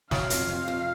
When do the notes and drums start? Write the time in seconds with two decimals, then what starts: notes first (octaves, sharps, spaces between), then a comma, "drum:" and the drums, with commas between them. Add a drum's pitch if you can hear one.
0.11 F#3 F5, drum: snare
0.30 F2, drum: hi-hat
0.49 C3
0.68 F2